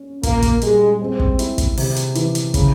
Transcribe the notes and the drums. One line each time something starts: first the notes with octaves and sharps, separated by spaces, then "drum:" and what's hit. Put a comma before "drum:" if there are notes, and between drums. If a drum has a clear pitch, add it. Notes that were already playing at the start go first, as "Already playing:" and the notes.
Already playing: C#4
A#2 A#3, drum: kick, hi-hat
drum: kick, hi-hat
G3 G#3, drum: hi-hat
G#3 C4
drum: kick
E4, drum: hi-hat
drum: kick, hi-hat
C3, drum: open hi-hat
drum: hi-hat
E3, drum: hi-hat
drum: hi-hat
C#3, drum: kick, hi-hat